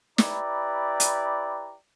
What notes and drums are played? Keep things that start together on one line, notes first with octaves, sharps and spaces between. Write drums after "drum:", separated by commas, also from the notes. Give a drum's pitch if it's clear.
E4 G4 B4 D5 A#5, drum: snare
drum: hi-hat